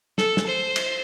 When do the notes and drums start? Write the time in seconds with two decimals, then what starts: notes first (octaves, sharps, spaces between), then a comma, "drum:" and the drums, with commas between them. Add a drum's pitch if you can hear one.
0.18 A4, drum: snare
0.37 drum: snare
0.47 C5
0.76 drum: cymbal